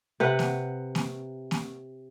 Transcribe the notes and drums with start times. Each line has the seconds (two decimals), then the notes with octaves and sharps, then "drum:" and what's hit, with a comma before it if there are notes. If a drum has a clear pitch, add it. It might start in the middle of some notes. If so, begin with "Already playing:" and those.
0.20 C3 B4 F#5
0.39 drum: snare A#3
0.95 drum: snare A#3
1.51 drum: snare A#3